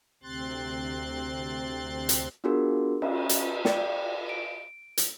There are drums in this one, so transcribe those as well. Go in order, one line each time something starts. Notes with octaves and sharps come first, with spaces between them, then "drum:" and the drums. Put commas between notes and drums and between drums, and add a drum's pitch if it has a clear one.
D2 C3 C4 C6 F#6 A6
drum: hi-hat
B3 D4 F4 F#4 G#4 A#4
C#4, drum: cymbal
drum: hi-hat
D5 G5, drum: snare
D7
drum: hi-hat